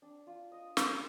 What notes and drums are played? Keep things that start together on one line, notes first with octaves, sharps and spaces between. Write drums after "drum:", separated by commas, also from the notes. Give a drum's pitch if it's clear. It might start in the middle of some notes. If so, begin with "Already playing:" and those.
D4
F4
D#5
A#4, drum: snare